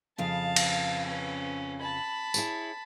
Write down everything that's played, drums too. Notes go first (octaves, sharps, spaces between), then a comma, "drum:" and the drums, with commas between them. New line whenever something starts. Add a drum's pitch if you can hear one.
F2 C#3 F4 F5 A5
drum: cymbal
C#4 B4
A5 B5
E4 G#4 C#5, drum: tambourine